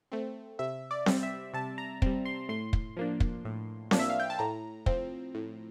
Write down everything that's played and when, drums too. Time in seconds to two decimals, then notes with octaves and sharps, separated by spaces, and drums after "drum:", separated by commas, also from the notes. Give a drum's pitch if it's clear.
0.12 A3 C4
0.59 C3 E5
0.91 D5
1.06 G3 C4, drum: snare C4
1.23 E5
1.54 C3 A5
1.78 A#5
2.02 G3 C4, drum: kick
2.25 C6
2.49 A2 C6
2.73 drum: kick
2.97 F3 A#3 D4
3.20 drum: kick
3.45 A2
3.91 F3 A#3 D4, drum: snare C4
3.99 E5
4.10 F5
4.20 G5
4.30 A5
4.39 A2 A#5
4.86 F3 C4, drum: kick
5.35 A2